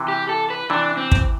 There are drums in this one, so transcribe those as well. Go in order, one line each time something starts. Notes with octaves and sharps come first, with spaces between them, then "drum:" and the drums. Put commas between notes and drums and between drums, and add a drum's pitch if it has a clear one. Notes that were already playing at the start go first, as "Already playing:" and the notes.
Already playing: C3 E3
G4
A4
B4
C3 E3 D4
C4
drum: kick